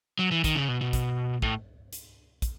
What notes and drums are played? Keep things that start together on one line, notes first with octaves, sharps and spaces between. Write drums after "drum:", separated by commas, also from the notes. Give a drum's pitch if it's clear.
F#3
E3
D#3, drum: kick, hi-hat
C#3
B2
B2
drum: kick, hi-hat
A2, drum: kick
drum: hi-hat
drum: kick, hi-hat